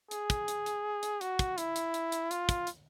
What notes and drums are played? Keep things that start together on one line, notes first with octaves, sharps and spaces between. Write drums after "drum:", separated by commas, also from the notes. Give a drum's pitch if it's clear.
G#4, drum: hi-hat
drum: kick, hi-hat
drum: hi-hat
drum: hi-hat
drum: hi-hat
F#4, drum: hi-hat
drum: kick, hi-hat
E4, drum: hi-hat
drum: hi-hat
drum: hi-hat
drum: hi-hat
F4, drum: hi-hat
drum: kick, hi-hat
drum: hi-hat